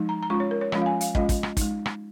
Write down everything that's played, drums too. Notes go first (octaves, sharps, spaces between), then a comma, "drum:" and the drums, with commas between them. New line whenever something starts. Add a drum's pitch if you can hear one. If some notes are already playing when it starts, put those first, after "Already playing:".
Already playing: F3 G#3 D#4
A#5
A#5
G#3 C#4 F4 C#6
C#5
A#4
C#5
F3 G#3 C#4 F4, drum: rim click
F5
G#5
F5, drum: hi-hat
G#3 C#4 F4 D#5, drum: kick
drum: kick, hi-hat
drum: rim click
G#3 D#4, drum: kick, hi-hat
drum: rim click